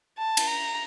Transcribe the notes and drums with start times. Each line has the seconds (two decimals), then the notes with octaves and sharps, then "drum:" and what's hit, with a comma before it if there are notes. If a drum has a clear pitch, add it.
0.18 A5
0.37 drum: cymbal
0.47 A#5